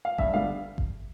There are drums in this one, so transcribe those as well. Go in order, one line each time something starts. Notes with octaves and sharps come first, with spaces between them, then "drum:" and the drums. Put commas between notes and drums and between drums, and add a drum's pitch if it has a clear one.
F5
G2 E5, drum: kick G1
D3 G3 B3 F5
drum: kick G1